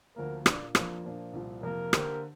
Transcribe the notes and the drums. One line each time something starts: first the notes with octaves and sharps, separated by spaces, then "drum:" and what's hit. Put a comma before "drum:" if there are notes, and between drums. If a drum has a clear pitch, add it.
D2 D3 F3 A#3 A#4
A#2 A#3 D4 A#4 D5, drum: rim click
F2 F3 A#3 D4 F4, drum: rim click
A#2 F3 A#3 D4
C2 A#2 F3
F2 C3 A#3 A#4
D3 A#3 G4 C5, drum: rim click